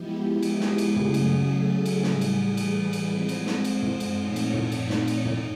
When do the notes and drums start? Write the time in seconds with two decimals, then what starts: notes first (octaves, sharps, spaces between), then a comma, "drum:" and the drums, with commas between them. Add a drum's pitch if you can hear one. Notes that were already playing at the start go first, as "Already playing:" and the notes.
Already playing: F3 G#3 B3 E4 G4
0.43 G#4, drum: cymbal
0.60 drum: snare
0.78 drum: cymbal
0.96 C#3 F#3 A3, drum: tom
1.14 drum: cymbal
1.49 A4
1.86 drum: cymbal
2.03 A2 E3 G3 G#4, drum: snare
2.21 drum: cymbal
2.57 B4, drum: cymbal
2.93 drum: cymbal
3.10 F3 G#3 C4 C5
3.29 drum: cymbal
3.47 drum: snare
3.64 drum: cymbal
3.82 drum: tom
4.00 drum: cymbal
4.18 A#2 F3 A3 C4 D#4 C#5
4.36 drum: cymbal
4.54 drum: tom
4.72 D5, drum: cymbal
4.90 drum: snare
5.08 drum: cymbal
5.25 D#4, drum: tom